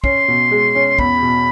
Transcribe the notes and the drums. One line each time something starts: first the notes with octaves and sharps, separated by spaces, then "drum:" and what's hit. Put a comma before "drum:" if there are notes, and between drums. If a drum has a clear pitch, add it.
C#4 C6, drum: kick
B2
G#3
C#4
E2 B5, drum: kick
B2